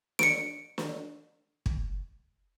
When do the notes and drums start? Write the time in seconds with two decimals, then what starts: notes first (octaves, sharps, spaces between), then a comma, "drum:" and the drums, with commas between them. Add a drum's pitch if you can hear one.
0.19 C#7 D7, drum: snare
0.78 drum: snare
1.66 drum: kick